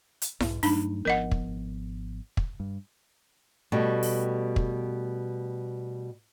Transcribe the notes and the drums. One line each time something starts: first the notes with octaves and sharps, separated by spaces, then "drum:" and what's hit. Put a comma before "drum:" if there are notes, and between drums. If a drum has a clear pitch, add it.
drum: hi-hat
B1 G#2, drum: snare E4
G2 F#3 A3 D4 D#4 B5, drum: open hi-hat
G#1 F3 B3 A#4 D#5 F#5
drum: kick
drum: kick
G2
B2 G3 A3
drum: open hi-hat
drum: kick